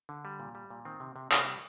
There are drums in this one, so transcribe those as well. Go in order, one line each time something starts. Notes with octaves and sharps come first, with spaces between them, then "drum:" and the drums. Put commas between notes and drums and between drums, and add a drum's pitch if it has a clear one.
D3
G3
A#2
G3
A#2
D#3 C4
C3
C3
C3, drum: clap
G3